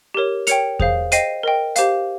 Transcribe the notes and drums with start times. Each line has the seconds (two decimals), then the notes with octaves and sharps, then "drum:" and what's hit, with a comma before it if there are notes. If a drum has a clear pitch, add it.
0.14 G4 A#4 C#5
0.47 A#4 C#5 G5 C#7 F7, drum: hi-hat
0.80 G#4 C5 F5, drum: kick E2
1.12 C5 D#5 G5 C7 D#7, drum: hi-hat
1.43 A#4 D#5 G5
1.76 G4 C5 F5, drum: hi-hat